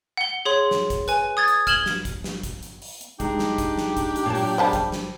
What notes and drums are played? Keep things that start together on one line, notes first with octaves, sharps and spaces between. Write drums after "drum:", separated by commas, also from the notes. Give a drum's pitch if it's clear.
F#5 G7
G#4 C#5 C6
drum: snare
drum: kick, hi-hat
B4 G#5, drum: hi-hat
D#6 G#6 A6
drum: hi-hat
F6 G#6 E7 F#7 G7, drum: kick, hi-hat
drum: snare
drum: kick, hi-hat
drum: snare
drum: kick, hi-hat
drum: hi-hat
drum: open hi-hat
drum: hi-hat
G#3 D4 D#4 G4, drum: kick, hi-hat
drum: snare
drum: kick, hi-hat
drum: snare
drum: kick, hi-hat
drum: hi-hat
A#2 F#3 A5
drum: open hi-hat
C#3 G3 C5 A5
drum: kick, hi-hat
drum: snare